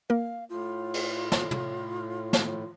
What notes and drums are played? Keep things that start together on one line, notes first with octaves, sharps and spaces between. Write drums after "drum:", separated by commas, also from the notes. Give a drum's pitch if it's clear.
A#3 A#4 F5
A2 F4
drum: cymbal
drum: snare
drum: tom
drum: snare